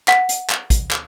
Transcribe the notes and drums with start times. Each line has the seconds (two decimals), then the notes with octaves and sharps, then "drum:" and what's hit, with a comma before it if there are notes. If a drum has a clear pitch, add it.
0.08 F#5, drum: clap
0.29 drum: hi-hat
0.50 drum: clap
0.70 drum: kick, hi-hat
0.91 drum: clap